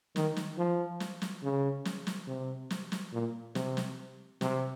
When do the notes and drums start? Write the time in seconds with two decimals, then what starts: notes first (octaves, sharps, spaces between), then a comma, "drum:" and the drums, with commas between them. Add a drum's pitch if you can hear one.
0.16 D#3, drum: snare
0.36 drum: snare
0.58 F3
1.00 drum: snare
1.22 drum: snare
1.43 C#3
1.85 drum: snare
2.07 drum: snare
2.28 C3
2.70 drum: snare
2.92 drum: snare
3.13 A#2
3.55 C3, drum: snare
3.77 drum: snare
4.41 C3, drum: snare